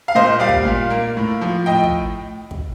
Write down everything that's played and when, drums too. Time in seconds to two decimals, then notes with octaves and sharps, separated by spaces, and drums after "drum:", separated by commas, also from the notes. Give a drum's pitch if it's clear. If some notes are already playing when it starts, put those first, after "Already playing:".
0.08 F5
0.15 A#2 C5 D#5
0.40 G3 D5 F5
0.49 drum: kick
0.65 A#2
0.90 A#3
1.17 A2
1.41 F3
1.66 A2 D#5 G5
1.83 drum: kick
2.51 drum: kick